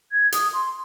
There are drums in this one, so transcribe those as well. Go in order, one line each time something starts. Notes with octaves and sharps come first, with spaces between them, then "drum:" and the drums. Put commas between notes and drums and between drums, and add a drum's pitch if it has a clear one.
G#6
D#6, drum: hi-hat
C6